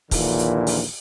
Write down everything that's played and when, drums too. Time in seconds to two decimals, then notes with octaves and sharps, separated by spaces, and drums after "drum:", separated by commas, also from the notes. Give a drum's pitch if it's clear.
0.11 A#1 D#2 A#2 D3 E3, drum: kick, open hi-hat
0.39 drum: hi-hat
0.67 drum: open hi-hat